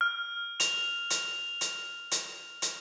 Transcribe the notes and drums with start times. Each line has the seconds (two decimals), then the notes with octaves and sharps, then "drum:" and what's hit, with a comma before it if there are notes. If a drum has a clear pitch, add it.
0.01 F6
0.60 F7, drum: hi-hat
1.10 drum: hi-hat
1.61 drum: hi-hat
2.11 drum: hi-hat
2.62 drum: hi-hat